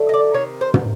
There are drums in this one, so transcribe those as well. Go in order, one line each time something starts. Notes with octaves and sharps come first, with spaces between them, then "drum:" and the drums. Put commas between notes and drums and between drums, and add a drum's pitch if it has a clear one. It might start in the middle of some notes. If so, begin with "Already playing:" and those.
Already playing: D3 F#3 A3
D#5
D5
C3 D#3 C#5
C5
drum: tom